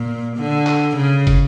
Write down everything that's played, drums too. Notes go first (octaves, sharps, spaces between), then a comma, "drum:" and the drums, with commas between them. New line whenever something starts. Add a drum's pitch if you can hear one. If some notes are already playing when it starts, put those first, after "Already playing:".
Already playing: A#2
D3
drum: clap
C#3
drum: kick, hi-hat